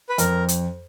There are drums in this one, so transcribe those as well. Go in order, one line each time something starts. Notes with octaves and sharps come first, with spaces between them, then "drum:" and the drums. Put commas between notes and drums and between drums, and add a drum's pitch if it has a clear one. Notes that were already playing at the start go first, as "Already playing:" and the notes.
B4
F2 A#4, drum: hi-hat
drum: hi-hat